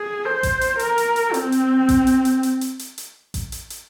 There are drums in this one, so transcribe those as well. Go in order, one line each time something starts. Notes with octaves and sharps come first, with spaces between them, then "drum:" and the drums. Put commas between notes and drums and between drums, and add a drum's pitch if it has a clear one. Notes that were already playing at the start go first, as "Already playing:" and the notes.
Already playing: G#4
C5
drum: kick A1, hi-hat
drum: hi-hat
A#4, drum: hi-hat
drum: hi-hat
drum: hi-hat
C4, drum: hi-hat
drum: hi-hat
drum: kick A1, hi-hat
drum: hi-hat
drum: hi-hat
drum: hi-hat
drum: hi-hat
drum: hi-hat
drum: hi-hat
drum: kick A1, hi-hat
drum: hi-hat
drum: hi-hat